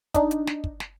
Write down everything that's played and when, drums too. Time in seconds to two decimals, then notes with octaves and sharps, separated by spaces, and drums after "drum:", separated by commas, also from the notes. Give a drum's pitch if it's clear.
0.14 D4 D#4, drum: kick, hi-hat
0.31 drum: hi-hat
0.47 drum: snare
0.64 drum: kick
0.80 drum: snare